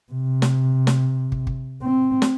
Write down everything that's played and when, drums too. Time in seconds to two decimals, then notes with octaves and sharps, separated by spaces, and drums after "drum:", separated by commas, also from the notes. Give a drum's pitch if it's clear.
0.12 C3
0.42 drum: snare
0.87 drum: snare
1.32 drum: kick
1.47 drum: kick
1.82 C4
2.22 drum: snare